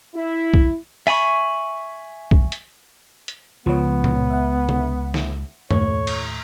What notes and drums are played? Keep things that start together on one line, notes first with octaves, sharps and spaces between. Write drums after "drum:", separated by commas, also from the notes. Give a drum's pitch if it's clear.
E4
drum: kick B1
E5 G#5 B5 C#6, drum: open hi-hat
drum: kick B1
drum: hi-hat
drum: hi-hat
C#2 C#3 F3 B3 C#5
drum: tom A#2
E5 F#5
drum: tom C3
drum: snare
D#2 A2 A3 C#5, drum: tom F#2
drum: cymbal